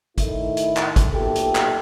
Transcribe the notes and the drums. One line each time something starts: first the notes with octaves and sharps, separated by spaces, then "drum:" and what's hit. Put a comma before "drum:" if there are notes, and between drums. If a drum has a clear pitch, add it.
A2 D#3 A3 E4, drum: kick, hi-hat
drum: hi-hat
drum: clap
drum: kick, hi-hat
B1 A#2 A3 G4 A4
drum: hi-hat
drum: clap